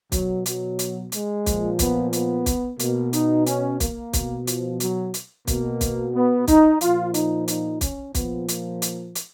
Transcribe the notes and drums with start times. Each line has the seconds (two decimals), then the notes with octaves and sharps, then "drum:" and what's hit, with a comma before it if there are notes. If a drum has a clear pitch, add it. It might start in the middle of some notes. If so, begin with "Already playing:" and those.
0.12 B2 F#3, drum: kick, hi-hat
0.46 F#3, drum: hi-hat
0.79 drum: hi-hat
1.12 G#3, drum: hi-hat
1.46 A#2 F3, drum: kick, hi-hat
1.79 B3, drum: kick, hi-hat
2.13 B3, drum: hi-hat
2.46 drum: kick, hi-hat
2.79 B2 A#3, drum: hi-hat
3.13 D#4, drum: hi-hat
3.46 C#4, drum: hi-hat
3.80 A#3, drum: kick, hi-hat
4.13 B2, drum: kick, hi-hat
4.47 F3, drum: hi-hat
4.80 F#3, drum: hi-hat
5.14 drum: hi-hat
5.47 B2 A#3, drum: kick, hi-hat
5.81 drum: kick, hi-hat
6.14 B3
6.47 D#4, drum: kick, hi-hat
6.81 A#2 F3 F4, drum: hi-hat
7.14 D#4, drum: hi-hat
7.48 D#4, drum: hi-hat
7.81 C#4, drum: kick, hi-hat
8.15 A#2 F3 B3, drum: kick, hi-hat
8.48 A#3, drum: hi-hat
8.82 drum: hi-hat
9.15 drum: hi-hat